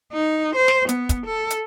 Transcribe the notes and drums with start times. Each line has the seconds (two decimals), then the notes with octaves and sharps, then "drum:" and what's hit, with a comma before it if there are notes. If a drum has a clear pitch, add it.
0.13 D#4
0.56 C5
0.68 drum: snare
0.89 B3, drum: hi-hat
1.09 drum: kick, hi-hat
1.26 A4
1.50 drum: hi-hat